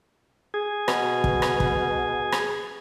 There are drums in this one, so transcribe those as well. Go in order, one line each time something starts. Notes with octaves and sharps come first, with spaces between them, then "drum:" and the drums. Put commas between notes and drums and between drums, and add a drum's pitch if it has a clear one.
G#4
B2, drum: rim click
drum: kick
drum: rim click
drum: kick
drum: rim click